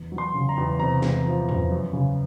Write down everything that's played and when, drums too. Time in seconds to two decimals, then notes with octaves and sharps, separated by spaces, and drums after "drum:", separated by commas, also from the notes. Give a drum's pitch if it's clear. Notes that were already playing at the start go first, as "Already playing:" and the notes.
Already playing: E2
0.12 F#3
0.18 C6
0.34 C#3
0.49 A#5
0.57 E2
0.79 C3 A#5
1.02 E2, drum: snare
1.25 F3
1.49 E2, drum: tom
1.71 F#2
1.93 C#3